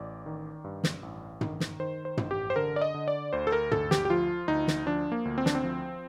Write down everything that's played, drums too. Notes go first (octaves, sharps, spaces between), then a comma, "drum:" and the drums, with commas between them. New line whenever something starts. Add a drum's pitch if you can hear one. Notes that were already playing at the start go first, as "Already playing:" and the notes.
Already playing: A1 D5
D#3
G2
drum: snare
A1
D#3, drum: tom
drum: snare
D#3 C5
C5
A1, drum: tom
G4
C5
D3 A#4
D5
D#5
D3
D5
D2 C5
A4
A#4
D2 A4, drum: tom
G4, drum: snare
G4
F3 F4
D2 D#4
drum: snare
F3 D4
A#3
D2
C4
D4, drum: snare
C4
F3